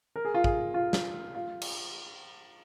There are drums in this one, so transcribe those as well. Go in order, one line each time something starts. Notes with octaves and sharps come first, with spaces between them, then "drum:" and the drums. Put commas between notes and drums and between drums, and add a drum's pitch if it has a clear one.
A#4
G#4
F4
G#4, drum: kick
F4
drum: snare
F4
drum: cymbal